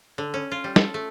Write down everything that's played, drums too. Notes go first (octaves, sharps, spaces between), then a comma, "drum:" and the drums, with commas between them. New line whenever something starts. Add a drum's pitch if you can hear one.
D3
C#4
F4
G3
A4, drum: snare
A3